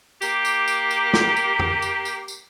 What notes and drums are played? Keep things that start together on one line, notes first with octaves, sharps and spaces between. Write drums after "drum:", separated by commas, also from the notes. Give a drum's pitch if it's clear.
A#3 G4, drum: tambourine
drum: tambourine
drum: tambourine
drum: tambourine
drum: snare
drum: tambourine
drum: tom F2
drum: tambourine
drum: tambourine
drum: tambourine